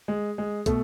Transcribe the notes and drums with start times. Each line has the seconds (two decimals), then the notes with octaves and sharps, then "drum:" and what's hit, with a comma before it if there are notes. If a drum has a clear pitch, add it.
0.08 G#3
0.38 G#3
0.66 B2 A3, drum: kick, hi-hat